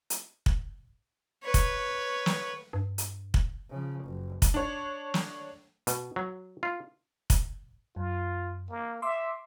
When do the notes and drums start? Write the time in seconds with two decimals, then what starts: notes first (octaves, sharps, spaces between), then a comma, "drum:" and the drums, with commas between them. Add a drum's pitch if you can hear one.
0.10 drum: hi-hat
0.46 drum: kick
1.44 B4 C#5
1.54 drum: kick, hi-hat
2.26 drum: snare
2.73 G2
2.98 drum: hi-hat
3.34 drum: kick
3.70 C#3 F3
4.03 F#1
4.42 drum: kick, hi-hat
4.54 D4 C#5
5.14 drum: snare
5.87 B2, drum: hi-hat
6.16 F#3
6.63 F4
7.30 drum: kick, hi-hat
7.96 F#2 F4
8.70 A#3
9.02 E5 C6 D6 E6